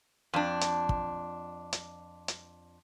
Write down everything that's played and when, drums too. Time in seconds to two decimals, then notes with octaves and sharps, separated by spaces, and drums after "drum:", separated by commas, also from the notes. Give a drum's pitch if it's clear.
0.34 F2 D4
0.61 drum: hi-hat
0.89 drum: kick
1.73 drum: hi-hat
2.28 drum: hi-hat